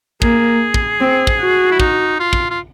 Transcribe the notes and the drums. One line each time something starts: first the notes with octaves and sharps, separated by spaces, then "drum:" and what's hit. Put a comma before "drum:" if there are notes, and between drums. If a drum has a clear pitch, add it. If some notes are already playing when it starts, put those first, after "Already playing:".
A#3 G#4, drum: kick
drum: kick
C4
drum: kick
F#4
E4
D#4, drum: kick
F4
drum: kick
F4